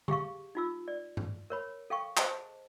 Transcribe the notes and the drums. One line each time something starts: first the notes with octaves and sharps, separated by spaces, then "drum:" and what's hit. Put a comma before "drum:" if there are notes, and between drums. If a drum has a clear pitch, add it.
G4 G#4 F5 C#6, drum: tom D3
D#4 F4 E6
D5
drum: tom G2
A#4 C#5 B5
A4 F5 G5 C#6
G#4 C5 D#5 A5, drum: clap